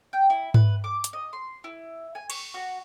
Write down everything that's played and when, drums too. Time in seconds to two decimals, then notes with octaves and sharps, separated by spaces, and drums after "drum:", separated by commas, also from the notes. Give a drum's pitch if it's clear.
0.13 G5
0.30 E4
0.54 B4, drum: tom G#2
0.84 D6
1.04 drum: hi-hat
1.13 D#5
1.33 C6
1.64 E4
2.15 G#5
2.30 C#6, drum: cymbal
2.54 F#4